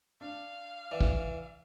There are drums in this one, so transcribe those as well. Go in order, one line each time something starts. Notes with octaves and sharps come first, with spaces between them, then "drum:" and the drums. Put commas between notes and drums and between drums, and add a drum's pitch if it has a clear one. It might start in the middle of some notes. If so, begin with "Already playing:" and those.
D4 F5
E3 D5 F#5
drum: kick